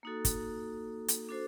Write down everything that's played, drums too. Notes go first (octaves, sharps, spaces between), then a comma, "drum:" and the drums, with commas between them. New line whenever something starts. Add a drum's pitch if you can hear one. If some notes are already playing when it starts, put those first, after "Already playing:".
A#3 D#4 F#4 A4
drum: kick, hi-hat
drum: hi-hat
D4 F#4 A4 C5